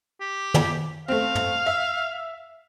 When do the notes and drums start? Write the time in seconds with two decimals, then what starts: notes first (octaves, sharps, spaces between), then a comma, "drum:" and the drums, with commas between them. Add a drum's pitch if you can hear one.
0.21 G4
0.54 drum: tom
1.08 A3 C4 F5
1.35 drum: tom
1.66 E5